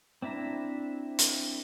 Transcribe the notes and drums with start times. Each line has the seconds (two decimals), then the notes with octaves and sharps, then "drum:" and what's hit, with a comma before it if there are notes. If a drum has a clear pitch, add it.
0.22 C4 D4 E4 E5 A#5
1.19 drum: hi-hat